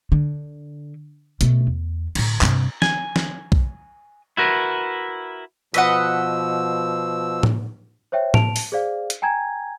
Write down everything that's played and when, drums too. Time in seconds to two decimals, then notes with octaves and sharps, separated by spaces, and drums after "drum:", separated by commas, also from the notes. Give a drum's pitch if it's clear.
0.12 D3
1.41 B2 A3, drum: hi-hat
1.67 E2
2.15 A2 D3, drum: cymbal
2.41 G2 C3, drum: clap
2.82 G#5, drum: snare
3.16 drum: snare
3.52 drum: kick B1
4.37 E4 F#4 A#4 B4
5.74 B2 F3 B4 D#5 F#5 E6, drum: hi-hat
7.43 drum: tom A2
8.12 C5 C#5 E5 G5
8.34 A5 D7 F7, drum: tom A2
8.56 drum: open hi-hat
8.72 G#4 C5 D5 F5
9.10 drum: hi-hat
9.22 G5 G#5 A#5 G#6